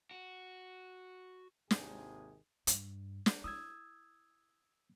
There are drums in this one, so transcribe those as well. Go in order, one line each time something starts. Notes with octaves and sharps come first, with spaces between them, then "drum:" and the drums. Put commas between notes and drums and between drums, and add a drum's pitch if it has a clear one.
F#4
G#1 D#2 C3 D#3 G#4, drum: snare
G2, drum: hi-hat
drum: snare
E4 D#6 E6 G#6